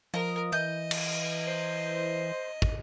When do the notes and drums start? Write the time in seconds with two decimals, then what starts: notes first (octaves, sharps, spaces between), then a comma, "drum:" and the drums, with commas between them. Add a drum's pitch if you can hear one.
0.14 F3 A#4 D#5
0.52 E3 D#5 G6
0.91 drum: cymbal
1.48 C5
2.62 drum: kick